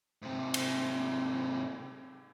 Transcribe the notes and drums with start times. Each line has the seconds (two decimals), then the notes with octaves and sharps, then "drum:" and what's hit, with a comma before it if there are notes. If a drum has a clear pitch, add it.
0.22 G#2 C3
0.54 drum: cymbal